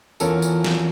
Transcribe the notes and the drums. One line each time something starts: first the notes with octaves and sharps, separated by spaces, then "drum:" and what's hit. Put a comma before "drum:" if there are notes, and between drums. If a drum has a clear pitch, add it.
E2 C#4 F4 A4 A#4 A5, drum: tambourine
drum: tambourine
drum: snare